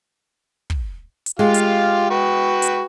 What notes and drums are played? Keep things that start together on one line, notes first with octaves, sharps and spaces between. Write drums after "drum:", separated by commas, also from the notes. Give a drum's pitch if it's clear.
drum: kick
drum: hi-hat
G#3 F4 G4 F5
drum: hi-hat
F#4 B4 G5
drum: hi-hat